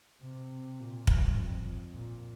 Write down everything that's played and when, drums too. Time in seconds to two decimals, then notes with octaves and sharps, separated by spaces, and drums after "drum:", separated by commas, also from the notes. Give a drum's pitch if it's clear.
0.22 C3
0.79 A#2
1.07 G2, drum: kick
1.36 F2
1.93 A#2